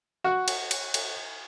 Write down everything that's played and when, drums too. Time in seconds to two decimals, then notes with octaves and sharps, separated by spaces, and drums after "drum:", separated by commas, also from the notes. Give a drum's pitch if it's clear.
0.24 F#4
0.48 drum: cymbal
0.71 drum: cymbal
0.94 drum: cymbal